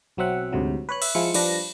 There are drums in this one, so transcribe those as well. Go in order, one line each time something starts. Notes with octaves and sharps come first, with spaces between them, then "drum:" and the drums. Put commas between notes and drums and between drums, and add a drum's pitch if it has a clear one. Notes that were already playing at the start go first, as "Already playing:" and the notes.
B1 F#3 C4 E5 F#5
D2 G#2 C3 F#3
B4 C#5 F#6
E5, drum: cymbal
F3 G#3 E4 F4 C#7
F3 G3 D4 B4 A#6, drum: cymbal